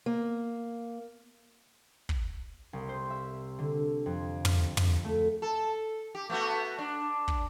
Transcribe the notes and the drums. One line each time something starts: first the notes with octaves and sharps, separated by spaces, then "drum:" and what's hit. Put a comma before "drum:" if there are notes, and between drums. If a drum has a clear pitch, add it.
A#3
drum: kick
C2
C5
E5
D3
F2
F6, drum: tom
drum: tom
A3
A4
G4
A3 B3 F#4
D4
drum: kick